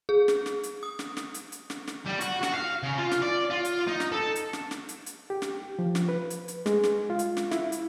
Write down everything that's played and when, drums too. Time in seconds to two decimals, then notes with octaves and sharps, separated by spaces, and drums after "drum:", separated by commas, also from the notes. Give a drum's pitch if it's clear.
0.09 G#4
0.28 drum: snare
0.46 drum: snare
0.63 drum: hi-hat
0.83 D#6
0.99 drum: snare
1.17 drum: snare
1.34 drum: hi-hat
1.52 drum: hi-hat
1.70 drum: snare
1.87 drum: snare
2.06 G3
2.21 F#4, drum: hi-hat
2.43 F#4, drum: snare
2.55 F5
2.83 C#3
2.98 F4
3.11 drum: snare
3.22 D5
3.50 F4
3.65 drum: hi-hat
3.87 D#4
4.00 drum: snare
4.12 A4
4.35 drum: hi-hat
4.53 drum: snare
4.71 drum: snare
4.89 drum: hi-hat
5.06 drum: hi-hat
5.30 G4
5.42 drum: snare
5.79 F3
5.95 drum: snare
6.09 B4
6.30 drum: hi-hat
6.48 drum: hi-hat
6.66 G#3, drum: snare
6.83 drum: snare
7.10 F4
7.19 drum: hi-hat
7.37 drum: snare
7.51 E4, drum: snare
7.72 drum: hi-hat